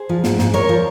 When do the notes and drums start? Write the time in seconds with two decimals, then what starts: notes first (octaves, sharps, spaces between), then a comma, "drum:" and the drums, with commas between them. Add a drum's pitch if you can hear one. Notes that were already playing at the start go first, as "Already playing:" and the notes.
Already playing: G#4 C5
0.09 F3
0.24 G#2, drum: snare
0.39 G#2, drum: snare
0.54 D#2 A#4 C#5
0.69 F3